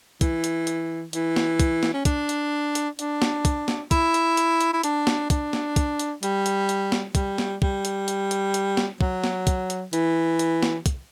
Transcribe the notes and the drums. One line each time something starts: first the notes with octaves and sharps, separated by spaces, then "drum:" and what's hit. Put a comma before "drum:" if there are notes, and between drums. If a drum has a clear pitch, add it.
E3, drum: kick, hi-hat
drum: hi-hat
drum: hi-hat
E3, drum: hi-hat
drum: snare
drum: kick, hi-hat
drum: snare
C#4
D4, drum: kick, hi-hat
drum: hi-hat
drum: hi-hat
D4, drum: hi-hat
drum: snare
drum: kick, hi-hat
drum: snare
E4, drum: kick, hi-hat
drum: hi-hat
drum: hi-hat
drum: hi-hat
E4
D4, drum: hi-hat
drum: snare
D4, drum: kick, hi-hat
drum: snare
drum: kick, hi-hat
drum: hi-hat
G3, drum: hi-hat
drum: hi-hat
drum: hi-hat
drum: snare
G3, drum: kick, hi-hat
drum: snare
G3, drum: kick
drum: hi-hat
drum: hi-hat
drum: hi-hat
drum: hi-hat
drum: snare
F#3, drum: kick
drum: snare
drum: kick, hi-hat
drum: hi-hat
E3, drum: hi-hat
drum: hi-hat
drum: snare
drum: kick, hi-hat